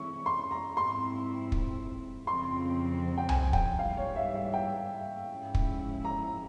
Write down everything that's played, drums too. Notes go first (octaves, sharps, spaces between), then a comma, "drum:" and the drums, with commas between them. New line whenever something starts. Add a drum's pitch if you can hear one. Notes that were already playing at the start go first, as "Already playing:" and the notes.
Already playing: C3 E3 G#3 C#4 E4 C#6
C6
A#5
G#2 F3 C4 E4 C6
drum: kick
F2 C#3 F3 C4 C6
G5
G#5, drum: tom C2
G5, drum: kick
G#2 E3 G3 F5
C#5
E5
E5
G5
G#2 F3 G#3 C#4 E4
drum: kick
A#5